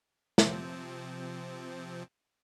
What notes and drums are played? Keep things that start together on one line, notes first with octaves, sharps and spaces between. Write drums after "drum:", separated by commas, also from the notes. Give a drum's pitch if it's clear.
C3 F3 C4, drum: snare